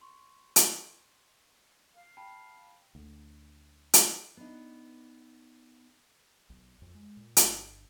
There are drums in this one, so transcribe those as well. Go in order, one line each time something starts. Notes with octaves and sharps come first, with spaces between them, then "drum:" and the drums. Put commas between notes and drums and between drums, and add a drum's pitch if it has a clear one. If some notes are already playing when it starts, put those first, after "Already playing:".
C6 C#6
drum: hi-hat
F5
G5 A5 B5
D2
drum: hi-hat
B3 D4 D#4
B1
F2
G#3
A#2
G1, drum: hi-hat